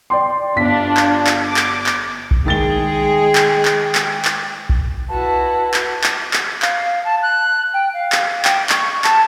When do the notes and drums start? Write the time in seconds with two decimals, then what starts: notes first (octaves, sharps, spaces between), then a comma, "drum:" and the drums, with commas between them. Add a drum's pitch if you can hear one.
0.10 D5 G5 C6
0.56 G1 D4 F4 B6
0.97 drum: clap
1.27 drum: clap
1.45 D6
1.56 drum: clap
1.86 drum: clap
2.31 drum: kick B1
2.46 D#3 G#3 G#4 G5 A6 G7
3.35 drum: clap
3.65 drum: clap
3.95 drum: clap
4.25 drum: clap
4.69 drum: kick B1
5.09 E4 F#4 B4 A5
5.74 drum: clap
6.04 drum: clap
6.33 drum: clap
6.62 F5, drum: clap
7.05 A5
7.23 F#6
7.74 G5
7.94 F5
8.12 drum: clap
8.45 G5, drum: clap
8.69 C#6, drum: clap
9.04 A5, drum: clap